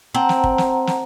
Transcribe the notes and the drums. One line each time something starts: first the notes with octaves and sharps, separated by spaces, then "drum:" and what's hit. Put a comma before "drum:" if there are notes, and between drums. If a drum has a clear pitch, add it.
C4 F#5 A5 A#5
drum: snare
drum: kick
drum: snare
drum: snare